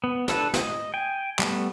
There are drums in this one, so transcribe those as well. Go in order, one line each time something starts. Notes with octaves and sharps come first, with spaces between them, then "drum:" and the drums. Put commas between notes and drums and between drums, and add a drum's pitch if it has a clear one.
B3
D4 A4 B4, drum: snare
D#5, drum: snare
G5 G#5
G3 A3 B3, drum: clap